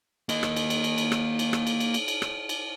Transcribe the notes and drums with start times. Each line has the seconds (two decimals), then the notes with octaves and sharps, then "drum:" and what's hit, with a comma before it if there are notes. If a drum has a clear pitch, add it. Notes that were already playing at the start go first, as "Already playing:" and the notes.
0.29 A#3 D#5, drum: cymbal
0.43 drum: rim click
0.57 drum: cymbal
0.70 drum: cymbal
0.84 drum: cymbal
0.98 drum: cymbal
1.12 drum: rim click
1.39 drum: cymbal
1.53 drum: rim click
1.67 drum: cymbal
1.80 drum: cymbal
1.94 drum: cymbal
2.08 drum: cymbal
2.22 drum: rim click
2.49 drum: cymbal